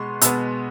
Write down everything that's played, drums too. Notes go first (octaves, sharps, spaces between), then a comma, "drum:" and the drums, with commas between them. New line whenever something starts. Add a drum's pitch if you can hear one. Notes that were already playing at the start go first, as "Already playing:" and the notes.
Already playing: B2 G#3 B3 C6 C#6
B2 G#3 B3 E6, drum: hi-hat